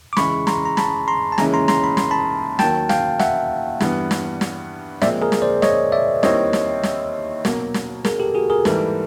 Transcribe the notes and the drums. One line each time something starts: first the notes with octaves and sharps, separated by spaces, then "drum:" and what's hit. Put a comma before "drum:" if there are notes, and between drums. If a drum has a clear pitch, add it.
D6
C#3 E3 G#3 B5 C#6, drum: snare
A#5 C6, drum: snare
A#5
A5 B5, drum: snare
A#5 C6
A5
D#2 C#3 E3 G#3 C#4 G#5 A#5, drum: snare
A#5 C6
A#5 C6, drum: snare
B5
C6, drum: snare
A5 B5
D#2 D#3 F#3 G5 A5, drum: snare
F5 G5, drum: snare
E5 F#5, drum: snare
G2 E3 G3 B3, drum: snare
drum: snare
drum: snare
A#2 F3 G#3 C4 D5 E5, drum: snare
G#4 A#4
drum: snare
C5 D5
C#5 D#5, drum: snare
D5 E5
D#2 D#3 G3 C4 E4 C#5 D#5, drum: snare
drum: snare
drum: snare
B2 F#3 A#3, drum: snare
drum: snare
G#4 A#4, drum: snare
G4 A4
F#4 G#4
G#4 A#4
G#2 E3 G3 A#3 A4 B4, drum: snare